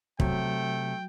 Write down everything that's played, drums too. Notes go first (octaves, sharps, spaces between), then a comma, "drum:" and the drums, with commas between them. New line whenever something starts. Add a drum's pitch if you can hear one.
C3 F#3 A3 G5, drum: kick